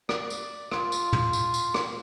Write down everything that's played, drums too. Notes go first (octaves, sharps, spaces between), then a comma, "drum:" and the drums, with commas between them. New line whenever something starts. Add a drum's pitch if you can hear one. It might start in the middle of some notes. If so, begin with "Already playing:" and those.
D5, drum: rim click
drum: tambourine
F4, drum: rim click
drum: tambourine
drum: tom
drum: tambourine
drum: tambourine
drum: rim click